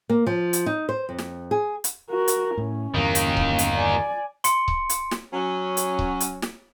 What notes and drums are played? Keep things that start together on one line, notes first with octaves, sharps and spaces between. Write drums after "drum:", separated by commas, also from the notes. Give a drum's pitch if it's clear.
A#3
F3
drum: hi-hat
D#4
C5
F2
drum: snare
G#4
drum: hi-hat
F#4 A#4
drum: hi-hat
A2 C#4
G1 E2 D#3 E3 A#3
drum: hi-hat
drum: kick C#1
drum: hi-hat
D5 G#5
C6 C#7, drum: hi-hat
drum: kick C#1
drum: hi-hat
drum: snare
F#3 C#4
drum: hi-hat
drum: kick C#1
drum: hi-hat
drum: snare